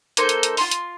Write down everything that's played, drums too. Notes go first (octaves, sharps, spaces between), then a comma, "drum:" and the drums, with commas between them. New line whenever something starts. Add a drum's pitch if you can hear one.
A#3 D#4 A4 C5, drum: hi-hat
drum: hi-hat
drum: hi-hat
F4 C6, drum: open hi-hat
drum: hi-hat